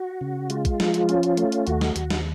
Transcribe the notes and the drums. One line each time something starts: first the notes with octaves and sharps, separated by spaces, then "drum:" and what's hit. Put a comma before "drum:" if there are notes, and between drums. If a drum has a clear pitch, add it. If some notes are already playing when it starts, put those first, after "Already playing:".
Already playing: F#4
C#3
G#3 F4, drum: hi-hat
drum: kick, hi-hat
F3, drum: snare
drum: hi-hat
C#4, drum: hi-hat
drum: hi-hat
A3, drum: hi-hat
drum: hi-hat
D#2 F#4, drum: hi-hat
drum: snare
D#2, drum: hi-hat
drum: snare